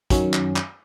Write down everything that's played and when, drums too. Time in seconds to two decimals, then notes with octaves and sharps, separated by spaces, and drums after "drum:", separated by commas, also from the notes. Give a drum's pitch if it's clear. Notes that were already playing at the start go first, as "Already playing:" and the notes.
0.10 F#2 D#3 F#3 C#4, drum: kick, hi-hat
0.34 drum: clap
0.56 drum: clap